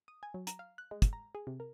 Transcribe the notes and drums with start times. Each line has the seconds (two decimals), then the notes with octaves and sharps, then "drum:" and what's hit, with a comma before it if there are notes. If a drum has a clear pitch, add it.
0.08 D#6
0.23 G#5
0.34 F#3
0.47 A#5, drum: hi-hat
0.59 F5
0.78 F#6
0.91 G#3
1.02 drum: kick, hi-hat
1.13 A#5
1.35 G#4
1.47 C3
1.60 A#4